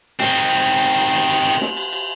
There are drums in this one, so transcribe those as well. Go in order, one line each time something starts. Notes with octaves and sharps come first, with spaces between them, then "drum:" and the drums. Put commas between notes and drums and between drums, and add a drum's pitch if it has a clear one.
D#3 C4, drum: snare
drum: cymbal
drum: cymbal
drum: cymbal
drum: cymbal
drum: cymbal
drum: cymbal
drum: snare
drum: cymbal
drum: cymbal